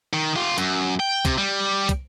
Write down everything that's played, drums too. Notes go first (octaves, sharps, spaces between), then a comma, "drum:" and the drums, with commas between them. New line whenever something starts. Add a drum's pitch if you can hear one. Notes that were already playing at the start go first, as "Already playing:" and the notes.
D#3
F4 G4
F#2, drum: hi-hat
G5
C3, drum: kick, hi-hat
G3
drum: kick, hi-hat